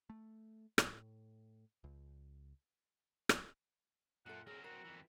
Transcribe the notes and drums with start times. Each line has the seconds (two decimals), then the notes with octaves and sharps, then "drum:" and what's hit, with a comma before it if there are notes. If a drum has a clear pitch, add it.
0.10 A3
0.78 A2, drum: rim click
1.84 C#2
3.29 drum: rim click
4.26 F#2 A#2 A4 F#5
4.47 F#3 C4 G#4 A#4
4.64 F#4 A#4
4.85 F2 E3